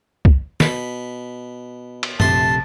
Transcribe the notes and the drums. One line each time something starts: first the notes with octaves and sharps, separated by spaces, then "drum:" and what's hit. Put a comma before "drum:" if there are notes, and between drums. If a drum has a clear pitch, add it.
drum: kick C2
B2 B5, drum: snare
drum: cymbal
A#1 C3 A3 A5 C6, drum: tom F#2